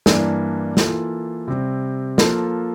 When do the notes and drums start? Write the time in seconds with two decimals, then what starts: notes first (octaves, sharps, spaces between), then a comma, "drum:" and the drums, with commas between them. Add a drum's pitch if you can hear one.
0.06 G2 E3 A#3 D4, drum: snare
0.77 E3 A#3 F4 A4, drum: snare
1.48 C3 G3 C4
2.18 F3 A#3 F4 A4, drum: snare